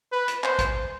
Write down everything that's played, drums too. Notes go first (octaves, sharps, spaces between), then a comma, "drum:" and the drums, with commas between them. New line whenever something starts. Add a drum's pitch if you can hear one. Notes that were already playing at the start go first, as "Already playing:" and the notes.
B4
drum: hi-hat
C5, drum: clap
drum: kick, hi-hat